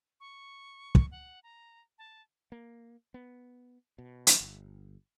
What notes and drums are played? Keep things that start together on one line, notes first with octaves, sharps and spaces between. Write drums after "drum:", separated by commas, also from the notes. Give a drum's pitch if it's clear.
C#6
drum: kick
F#5
A#5
A5
A#3
B3
B2
drum: hi-hat
G1